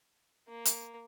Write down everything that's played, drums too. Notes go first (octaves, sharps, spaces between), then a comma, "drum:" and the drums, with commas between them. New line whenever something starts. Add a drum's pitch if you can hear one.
A#3
drum: hi-hat